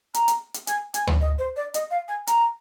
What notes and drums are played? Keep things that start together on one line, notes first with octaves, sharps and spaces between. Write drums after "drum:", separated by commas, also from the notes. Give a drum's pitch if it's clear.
A#5, drum: hi-hat
drum: hi-hat
drum: hi-hat
G#5, drum: hi-hat
G#5, drum: hi-hat
drum: tom D2
D#5
C5
D5
D#5, drum: hi-hat
F5
G#5
A#5, drum: hi-hat